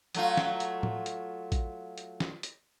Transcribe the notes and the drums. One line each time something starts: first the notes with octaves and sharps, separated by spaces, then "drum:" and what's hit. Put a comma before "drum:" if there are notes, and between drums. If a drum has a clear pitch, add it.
F#3 A3 F4, drum: hi-hat
drum: snare
drum: hi-hat
drum: tom
drum: hi-hat
drum: kick A1, hi-hat
drum: hi-hat
drum: snare
drum: hi-hat